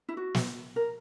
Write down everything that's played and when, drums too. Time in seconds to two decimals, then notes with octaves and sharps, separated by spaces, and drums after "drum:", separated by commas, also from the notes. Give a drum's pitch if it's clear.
0.09 E4
0.17 F#4
0.35 drum: snare
0.76 A#4